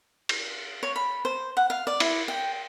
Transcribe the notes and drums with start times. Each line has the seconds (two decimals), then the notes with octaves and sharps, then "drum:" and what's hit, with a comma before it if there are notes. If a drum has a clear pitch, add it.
0.29 drum: cymbal
0.83 C#5
0.96 B5
1.25 C5
1.57 F#5
1.70 F5
1.87 D5
2.00 E4, drum: cymbal
2.28 G5